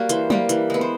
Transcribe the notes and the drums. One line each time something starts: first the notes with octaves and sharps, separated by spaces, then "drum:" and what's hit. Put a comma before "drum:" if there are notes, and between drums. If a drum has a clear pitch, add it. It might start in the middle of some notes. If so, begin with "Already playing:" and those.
Already playing: G3 A#3 F#4
E3 C5, drum: hi-hat
G3 A#3, drum: tom
E3, drum: hi-hat
G#3 B3
C5